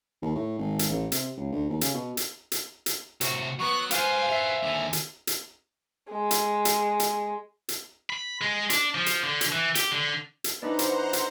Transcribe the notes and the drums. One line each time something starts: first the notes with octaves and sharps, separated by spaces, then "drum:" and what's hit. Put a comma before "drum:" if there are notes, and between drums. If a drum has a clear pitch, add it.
D#2
A2
G#1
drum: hi-hat
A1
C3, drum: hi-hat
C#2
D2
D#2
C#3, drum: hi-hat
B2
drum: hi-hat
drum: hi-hat
drum: hi-hat
A2 C3 F#4, drum: hi-hat
F#3 B3 F#4 C#6 F#6
G4 B4 C5 F5 G#5, drum: hi-hat
B4 E5 F5
D#2 D3 G#5
drum: hi-hat
drum: hi-hat
G#3
drum: hi-hat
drum: hi-hat
drum: hi-hat
drum: hi-hat
B5
G#3
D4, drum: hi-hat
F3
drum: hi-hat
D3
drum: hi-hat
E3
G4, drum: hi-hat
D3
drum: hi-hat
E3 D4 D#4 B4 C5 F#5 A#5
drum: hi-hat
drum: hi-hat